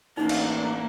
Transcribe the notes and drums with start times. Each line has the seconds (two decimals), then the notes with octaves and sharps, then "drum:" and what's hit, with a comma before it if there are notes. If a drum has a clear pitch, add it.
0.17 A1 A#3 D4 D#4
0.29 drum: cymbal